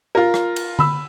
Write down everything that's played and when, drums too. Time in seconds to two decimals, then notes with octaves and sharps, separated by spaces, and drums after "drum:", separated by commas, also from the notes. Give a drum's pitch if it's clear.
0.15 F4 A#4
0.34 drum: rim click
0.56 drum: cymbal
0.79 B5 E6, drum: tom D3